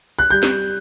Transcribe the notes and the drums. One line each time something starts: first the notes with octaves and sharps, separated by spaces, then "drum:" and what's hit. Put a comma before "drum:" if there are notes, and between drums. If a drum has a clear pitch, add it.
F#6
G3 G6
drum: snare